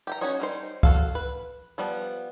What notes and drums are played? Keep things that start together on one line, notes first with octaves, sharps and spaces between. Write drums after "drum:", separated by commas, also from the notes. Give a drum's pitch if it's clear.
G4 G5 A#5
C#4 D#4 F#4 C#5 D#5
G3 D#4 C5
F#4 A4 F5, drum: kick C#2
B4
F3 G3 B3